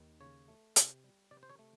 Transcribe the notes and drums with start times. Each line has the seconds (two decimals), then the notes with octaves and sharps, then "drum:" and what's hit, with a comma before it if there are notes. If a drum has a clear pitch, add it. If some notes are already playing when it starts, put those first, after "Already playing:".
Already playing: D#2 D#3
0.21 C#3 C#5
0.48 A3
0.76 C3, drum: hi-hat
1.04 G3
1.31 C3 D5
1.43 C5
1.49 C#5
1.59 A3